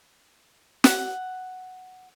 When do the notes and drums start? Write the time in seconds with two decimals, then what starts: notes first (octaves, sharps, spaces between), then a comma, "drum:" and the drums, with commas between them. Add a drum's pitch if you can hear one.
0.84 F#5, drum: snare